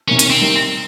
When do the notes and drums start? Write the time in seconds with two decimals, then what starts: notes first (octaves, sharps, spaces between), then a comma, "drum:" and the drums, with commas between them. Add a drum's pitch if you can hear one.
0.08 C3 D#3 A#3 C#4
0.19 C#4, drum: hi-hat
0.30 C4
0.41 G3 A#3 D#4